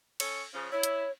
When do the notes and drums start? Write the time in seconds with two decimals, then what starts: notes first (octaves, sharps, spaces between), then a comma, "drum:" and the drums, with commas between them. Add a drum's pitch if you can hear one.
0.20 C#4 A4 C#5, drum: cymbal
0.54 C#3 F3 C#4
0.72 E4 C#5
0.83 drum: hi-hat